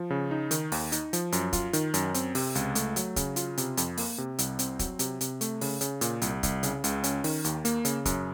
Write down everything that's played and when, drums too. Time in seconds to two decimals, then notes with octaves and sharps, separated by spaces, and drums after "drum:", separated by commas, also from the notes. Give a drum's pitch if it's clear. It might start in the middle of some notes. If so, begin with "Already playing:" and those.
Already playing: F3
0.10 C#3
0.31 D#4
0.51 D#3, drum: hi-hat
0.72 D#2, drum: open hi-hat
0.92 D#4, drum: hi-hat
1.13 F3, drum: hi-hat
1.32 F#2, drum: hi-hat
1.53 F4, drum: kick, hi-hat
1.73 D#3, drum: hi-hat
1.94 F#2, drum: hi-hat
2.14 C4, drum: hi-hat
2.35 C3, drum: open hi-hat
2.55 C#2, drum: hi-hat
2.75 A3, drum: hi-hat
2.96 F#3, drum: hi-hat
3.16 C#3, drum: kick, hi-hat
3.36 F4, drum: hi-hat
3.57 C3, drum: hi-hat
3.77 F2, drum: hi-hat
3.98 A#3, drum: open hi-hat
4.18 C3
4.39 C2, drum: hi-hat
4.59 C4, drum: hi-hat
4.79 F#3, drum: kick, hi-hat
4.99 C3, drum: hi-hat
5.21 C3, drum: hi-hat
5.41 A3, drum: hi-hat
5.61 C#3, drum: open hi-hat
5.81 C#3, drum: hi-hat
6.01 A#2, drum: hi-hat
6.22 C2, drum: hi-hat
6.43 C2, drum: kick, hi-hat
6.63 C#3, drum: hi-hat
6.84 C#2, drum: hi-hat
7.04 C#4, drum: hi-hat
7.24 D#3, drum: open hi-hat
7.44 D#2, drum: hi-hat
7.65 A#3, drum: hi-hat
7.85 C#3, drum: hi-hat
8.05 F#2, drum: kick, hi-hat